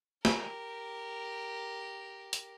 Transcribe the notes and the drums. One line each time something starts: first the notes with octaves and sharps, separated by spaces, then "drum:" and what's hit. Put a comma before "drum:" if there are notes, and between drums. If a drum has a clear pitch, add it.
G4 A#4, drum: snare
drum: hi-hat